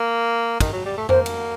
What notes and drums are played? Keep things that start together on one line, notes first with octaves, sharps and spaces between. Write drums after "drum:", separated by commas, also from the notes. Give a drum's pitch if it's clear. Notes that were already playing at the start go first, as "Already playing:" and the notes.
Already playing: A#3
D#3, drum: kick, cymbal
F#3
G3
A3
A#3 C5, drum: tom F2
drum: cymbal